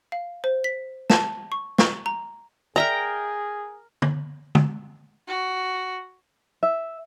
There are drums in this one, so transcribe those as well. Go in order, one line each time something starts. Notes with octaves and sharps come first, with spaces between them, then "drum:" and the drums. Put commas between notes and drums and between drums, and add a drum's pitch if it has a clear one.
F5
C5
B6
A5, drum: snare
C#6
C#6, drum: snare
A#5
G#4 A#4 D5 E5 G5 A#5
drum: tom
drum: tom D3
F#4
E5